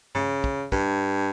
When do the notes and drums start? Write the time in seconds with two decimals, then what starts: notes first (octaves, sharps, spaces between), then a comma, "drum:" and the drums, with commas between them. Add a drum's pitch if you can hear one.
0.15 C#3, drum: tom G2
0.44 drum: kick
0.72 G2, drum: kick